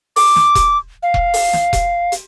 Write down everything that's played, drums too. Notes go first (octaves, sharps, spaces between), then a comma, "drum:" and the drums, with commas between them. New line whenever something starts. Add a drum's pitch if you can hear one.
D6, drum: open hi-hat
drum: snare
drum: kick E1, hi-hat
F5
drum: kick E1
drum: open hi-hat
drum: snare
drum: kick E1, hi-hat
drum: hi-hat